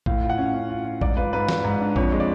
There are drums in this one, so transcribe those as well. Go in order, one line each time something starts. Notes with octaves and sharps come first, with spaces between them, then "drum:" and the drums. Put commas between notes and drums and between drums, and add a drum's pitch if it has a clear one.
A2 F5, drum: kick
F4
F#5
C#4
C#4
F4
F4
G#2 D5, drum: kick
F4 B4
G#2 B4
G#2, drum: snare
G#2
D4
F2 C#5, drum: kick
G#3
D5